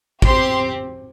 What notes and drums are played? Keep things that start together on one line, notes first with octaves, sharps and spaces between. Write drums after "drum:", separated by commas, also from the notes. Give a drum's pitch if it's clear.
C4 G4 C6, drum: kick